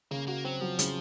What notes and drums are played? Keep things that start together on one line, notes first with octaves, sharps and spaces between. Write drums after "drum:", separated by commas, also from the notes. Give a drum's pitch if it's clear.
C#3 A#3
A#3 F#4
F#3 C4
F3 F#3
C#3, drum: hi-hat